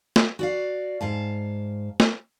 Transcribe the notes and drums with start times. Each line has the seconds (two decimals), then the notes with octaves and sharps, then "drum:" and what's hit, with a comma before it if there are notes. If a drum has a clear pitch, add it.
0.16 drum: snare
0.39 F#4 D5 F5
1.01 G#2 F5 A5
2.00 drum: snare